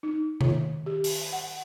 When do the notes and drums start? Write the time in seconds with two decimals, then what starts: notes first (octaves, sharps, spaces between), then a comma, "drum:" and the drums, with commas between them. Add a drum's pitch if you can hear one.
0.03 D#4
0.41 D#3, drum: tom C3
0.86 G4
1.04 drum: open hi-hat
1.33 F#5